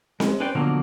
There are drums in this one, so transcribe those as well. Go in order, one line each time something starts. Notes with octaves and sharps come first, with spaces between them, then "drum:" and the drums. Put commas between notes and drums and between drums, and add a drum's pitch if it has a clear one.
G#3, drum: snare C4
C#4 B4 C5 D5 G5
B2 D3 F3 F#3 A#3